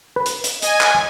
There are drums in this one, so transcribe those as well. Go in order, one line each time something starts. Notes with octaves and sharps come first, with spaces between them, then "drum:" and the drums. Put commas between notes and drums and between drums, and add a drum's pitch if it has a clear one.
B4
drum: hi-hat
drum: hi-hat
D#5 G#5, drum: hi-hat
drum: clap